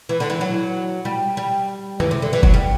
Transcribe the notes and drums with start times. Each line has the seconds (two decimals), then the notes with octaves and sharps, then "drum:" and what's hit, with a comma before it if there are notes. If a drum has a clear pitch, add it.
0.09 E3
0.20 D3
0.30 E3
0.41 F#3
1.05 G3
1.37 G3
2.00 E3, drum: tom F#2
2.11 C3
2.22 D3
2.33 E3
2.43 F#3, drum: kick F#1
2.54 G3